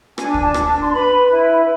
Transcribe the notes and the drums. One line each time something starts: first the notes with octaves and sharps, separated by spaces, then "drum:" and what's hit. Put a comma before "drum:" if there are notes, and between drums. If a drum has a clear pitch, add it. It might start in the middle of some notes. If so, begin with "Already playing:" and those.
D4 G#5, drum: rim click
G#5, drum: kick
A5
D4, drum: rim click
A5
C6
B4 B5
E4